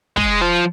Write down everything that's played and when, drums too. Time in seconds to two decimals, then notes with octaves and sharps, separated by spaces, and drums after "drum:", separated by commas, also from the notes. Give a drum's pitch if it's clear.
0.17 G#3, drum: kick
0.41 F3